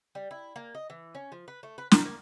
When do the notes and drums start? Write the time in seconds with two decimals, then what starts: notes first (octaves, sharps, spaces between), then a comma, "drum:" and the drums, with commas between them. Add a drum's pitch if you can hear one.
0.15 G3
0.31 E4
0.56 A#3
0.75 D#5
0.90 E3
1.15 C#4
1.32 F3
1.48 B4
1.63 A3
1.78 B4
1.91 A#5, drum: snare
2.05 A#3